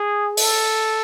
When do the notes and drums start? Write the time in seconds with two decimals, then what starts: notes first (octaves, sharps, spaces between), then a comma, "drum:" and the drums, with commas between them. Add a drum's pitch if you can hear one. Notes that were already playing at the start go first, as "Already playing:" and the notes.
Already playing: G#4
0.37 A4, drum: open hi-hat